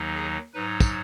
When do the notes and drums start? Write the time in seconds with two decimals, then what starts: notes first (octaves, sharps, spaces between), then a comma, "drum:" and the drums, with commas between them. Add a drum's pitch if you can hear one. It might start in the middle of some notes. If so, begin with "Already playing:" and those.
Already playing: D#2 D#3 F#3 D#4
0.15 G#4
0.54 G#2 F#3 D#4 B4
0.80 drum: kick, tambourine